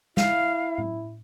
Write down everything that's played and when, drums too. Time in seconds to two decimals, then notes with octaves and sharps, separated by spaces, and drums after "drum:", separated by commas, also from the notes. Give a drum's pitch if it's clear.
0.17 E4 F5, drum: snare
0.78 drum: tom A2